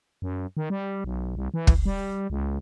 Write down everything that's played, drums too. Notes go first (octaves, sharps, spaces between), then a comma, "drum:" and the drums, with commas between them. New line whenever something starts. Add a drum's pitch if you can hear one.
F#2
D#3
G3
B1
C2
E3
drum: kick
G3
C#2